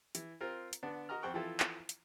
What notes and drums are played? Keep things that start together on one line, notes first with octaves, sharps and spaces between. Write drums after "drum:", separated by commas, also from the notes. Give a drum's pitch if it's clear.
E3, drum: hi-hat
C4 F4 A#4
drum: hi-hat
D3 B3 D4
F#4 A#4 D#5 A#5 F6
F2 C4 F#5 G5 C#6 F#6
E3 F3 C4 E4 F4 A4
drum: clap
drum: hi-hat